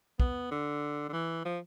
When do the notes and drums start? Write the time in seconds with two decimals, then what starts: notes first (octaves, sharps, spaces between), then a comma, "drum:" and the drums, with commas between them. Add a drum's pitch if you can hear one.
0.20 B3, drum: kick
0.51 D3
1.09 D3
1.13 E3
1.45 F3